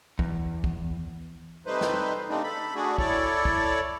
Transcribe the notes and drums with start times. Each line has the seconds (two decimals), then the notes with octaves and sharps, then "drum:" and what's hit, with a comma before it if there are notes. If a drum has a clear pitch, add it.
0.19 E2, drum: kick
0.64 drum: kick
1.66 C3 G3 A3 D#4 B4 C5
1.81 drum: snare
2.29 C#3 G3 A3 C4 D4 D#4
2.44 A4 B5
2.75 A3 D4 F#4 G#4
2.98 E4 A4 C#5 D5, drum: kick
3.45 drum: kick